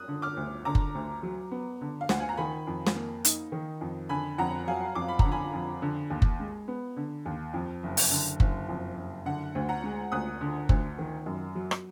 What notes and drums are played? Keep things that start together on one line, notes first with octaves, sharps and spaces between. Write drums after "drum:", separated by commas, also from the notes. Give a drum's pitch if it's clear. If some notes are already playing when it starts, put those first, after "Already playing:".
Already playing: D#6 F#6
D3
D6 F6
D2
D3 A#5 D6
drum: kick F#1
D2
F#3
B3
D3
F5
D2 F#5, drum: snare
G#5
A#5
D#3 G#5 B5
F2
drum: snare
A#3
D#4, drum: hi-hat
D#3
F2
D3 G#5 B5
F2 F#5 A#5
F#3 F5 G#5
F2 D6
B5
A#5, drum: kick F#1
D3
G#5 B5
F2
D3
D#2
drum: kick F#1
G#3
B3
D3
D#2
F2
F#1
drum: open hi-hat
D3
F#1, drum: kick F#1
F2
F#1
D3 F#5
D2
F#5 A#5
G#3
D2 D#6 F#6
D3
D2, drum: kick F#1
D#3
F#2
F#3
drum: rim click